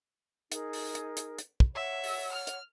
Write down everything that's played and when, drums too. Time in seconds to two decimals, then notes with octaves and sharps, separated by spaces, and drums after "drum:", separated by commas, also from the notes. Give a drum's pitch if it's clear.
0.52 D#4 G#4 A#4, drum: hi-hat
0.73 drum: open hi-hat
0.95 drum: hi-hat
1.17 drum: hi-hat
1.38 drum: hi-hat
1.60 drum: kick
1.75 C#5 E5 F#5
2.04 drum: open hi-hat
2.32 F6
2.47 drum: hi-hat